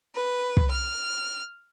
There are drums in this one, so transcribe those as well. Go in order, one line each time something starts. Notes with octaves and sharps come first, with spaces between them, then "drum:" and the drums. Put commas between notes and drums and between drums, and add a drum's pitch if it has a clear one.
B4
drum: kick
F6